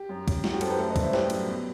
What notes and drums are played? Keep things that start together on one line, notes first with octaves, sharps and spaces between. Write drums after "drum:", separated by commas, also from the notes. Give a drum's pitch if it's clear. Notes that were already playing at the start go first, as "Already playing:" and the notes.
Already playing: G4
F#2
F#2, drum: kick, cymbal
F#2 F#4, drum: snare
G4
F#2 A4 C5, drum: cymbal
G4 B4
A3 A4 C5
B4 D#5
G2, drum: kick, cymbal
C5 E5
A1 G4 B4, drum: snare
F#3, drum: cymbal
B2